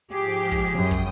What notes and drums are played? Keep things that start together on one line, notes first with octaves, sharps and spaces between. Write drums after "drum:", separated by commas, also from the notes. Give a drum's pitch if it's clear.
G#2 F3 G4 G#4, drum: hi-hat
drum: hi-hat
drum: kick, hi-hat
F#2 G5 D#6
drum: kick